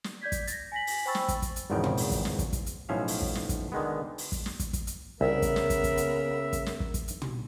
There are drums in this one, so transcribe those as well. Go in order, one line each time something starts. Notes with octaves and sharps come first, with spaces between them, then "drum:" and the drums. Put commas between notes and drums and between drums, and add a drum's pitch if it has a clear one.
drum: snare
D5 G6 G#6 B6
drum: kick, hi-hat
A6 A#6, drum: hi-hat
G#5 A#6 B6 F#7
drum: open hi-hat
C5 G5 B5 C#6 E6 A6
drum: snare
drum: kick, hi-hat
drum: kick, hi-hat
drum: hi-hat
G#1 E2 G#2 C#3 F3 G5
drum: tom
drum: open hi-hat
drum: kick, hi-hat
drum: snare
drum: kick, hi-hat
drum: kick, hi-hat
drum: hi-hat
B1 A2 F3 C#4 E5 F5
drum: open hi-hat
drum: kick
drum: snare
drum: kick, hi-hat
D3 D#3 G#3 B3
drum: open hi-hat
drum: kick, hi-hat
drum: snare
drum: kick, hi-hat
drum: kick, hi-hat
drum: hi-hat
C2 C#3 B3 A#4 E5
drum: kick, hi-hat
drum: snare
drum: kick, hi-hat
drum: kick, hi-hat
drum: hi-hat
drum: kick, hi-hat
drum: snare
drum: kick
drum: kick, hi-hat
drum: hi-hat
drum: tom